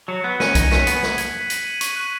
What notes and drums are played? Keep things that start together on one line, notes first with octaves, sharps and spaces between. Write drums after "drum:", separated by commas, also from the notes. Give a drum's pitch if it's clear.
F#3 C#7
B3 F#6
C#4 D#7, drum: snare
D#4 G#6, drum: kick B1, hi-hat
C#4 B6, drum: snare
B3 F#7, drum: hi-hat
D#7, drum: snare
G#6, drum: hi-hat
B6
F#7, drum: hi-hat
D#7
C#6, drum: hi-hat
F#6